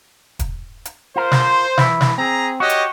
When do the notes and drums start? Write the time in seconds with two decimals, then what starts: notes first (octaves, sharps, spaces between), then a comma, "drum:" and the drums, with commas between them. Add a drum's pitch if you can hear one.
0.39 drum: kick, hi-hat
0.85 drum: hi-hat
1.16 F4 A#4 C5
1.31 drum: snare
1.78 E3 E4, drum: snare
2.01 drum: snare
2.18 C4 G#4 A#5
2.60 F#4 G4 C#5 D#5
2.70 drum: hi-hat